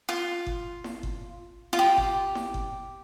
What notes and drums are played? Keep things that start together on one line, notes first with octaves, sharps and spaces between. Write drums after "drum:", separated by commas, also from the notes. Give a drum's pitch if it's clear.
F4
drum: kick G1
drum: snare E4
drum: kick G1
F4
G4
drum: kick G1
drum: snare E4
drum: kick G1